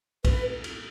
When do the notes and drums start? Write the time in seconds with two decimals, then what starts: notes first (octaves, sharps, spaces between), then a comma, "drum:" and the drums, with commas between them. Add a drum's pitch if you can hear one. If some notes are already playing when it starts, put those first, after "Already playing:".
0.25 B4, drum: kick A#1, cymbal
0.64 drum: cymbal